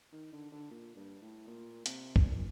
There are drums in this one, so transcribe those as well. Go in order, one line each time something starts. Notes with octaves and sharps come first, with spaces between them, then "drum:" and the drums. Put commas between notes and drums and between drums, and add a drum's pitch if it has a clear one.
D#3
D3
D3
A#2
G2
A2
A#2
C3, drum: hi-hat
drum: kick C2
A#2